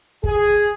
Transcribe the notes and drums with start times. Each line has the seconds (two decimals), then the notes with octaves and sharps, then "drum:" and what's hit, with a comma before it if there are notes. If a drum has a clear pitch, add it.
0.24 G#4, drum: kick